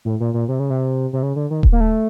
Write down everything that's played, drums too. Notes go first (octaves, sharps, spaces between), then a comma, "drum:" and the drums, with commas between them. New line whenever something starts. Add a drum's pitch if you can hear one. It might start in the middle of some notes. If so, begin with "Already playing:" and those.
A2
A#2
A#2
C3
C#3
C3
C3
C#3
D3
D#3
drum: kick D#1
A#3
A3